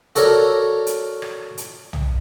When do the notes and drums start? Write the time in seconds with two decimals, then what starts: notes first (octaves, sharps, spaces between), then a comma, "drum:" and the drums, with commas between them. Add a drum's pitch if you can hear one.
0.16 F#4 A4 A#4 C#5 D5, drum: hi-hat
0.87 drum: hi-hat
1.22 drum: rim click
1.57 drum: hi-hat
1.93 drum: tom